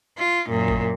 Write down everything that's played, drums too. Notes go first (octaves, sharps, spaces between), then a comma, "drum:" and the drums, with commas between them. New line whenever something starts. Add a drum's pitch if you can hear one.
F4
F#2 A#2
drum: kick